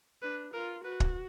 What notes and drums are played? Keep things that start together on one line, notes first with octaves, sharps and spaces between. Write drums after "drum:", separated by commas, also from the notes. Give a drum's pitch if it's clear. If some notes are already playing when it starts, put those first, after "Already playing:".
D4 B4
F4 A#4
F#4 B4
drum: kick